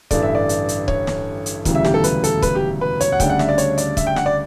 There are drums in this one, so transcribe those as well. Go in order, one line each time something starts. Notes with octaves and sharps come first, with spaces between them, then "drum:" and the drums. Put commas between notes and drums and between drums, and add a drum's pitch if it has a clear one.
A1 G2 D3 A3 D5, drum: kick, hi-hat
E5
D5
drum: hi-hat
drum: hi-hat
C#5, drum: kick
drum: snare
drum: hi-hat
E1 D2 C#3 E3 G3, drum: kick, hi-hat
E5
G4, drum: snare
A4
B4, drum: hi-hat
A4, drum: hi-hat
B4, drum: kick, hi-hat
G4
B4
C#5, drum: hi-hat
F#5
D2 C#3 G3 D4 G5, drum: kick, hi-hat
F#5
E5, drum: snare
D5
C#5, drum: hi-hat
D5, drum: hi-hat
E5, drum: kick, hi-hat
G5
F#5, drum: snare
D5